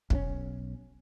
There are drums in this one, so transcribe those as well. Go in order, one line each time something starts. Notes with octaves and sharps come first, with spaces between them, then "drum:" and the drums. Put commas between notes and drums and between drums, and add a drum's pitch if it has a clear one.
B1 D#3 C#4, drum: kick